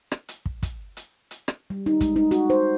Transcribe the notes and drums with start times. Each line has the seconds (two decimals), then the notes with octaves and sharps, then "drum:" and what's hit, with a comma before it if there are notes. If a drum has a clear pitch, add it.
0.11 drum: rim click
0.29 drum: hi-hat
0.46 drum: kick
0.63 drum: kick, hi-hat
0.97 drum: hi-hat
1.31 drum: hi-hat
1.48 drum: rim click
1.70 G3
1.86 D#4
2.01 G#3, drum: kick, hi-hat
2.16 D#4
2.31 F#4, drum: hi-hat
2.50 C5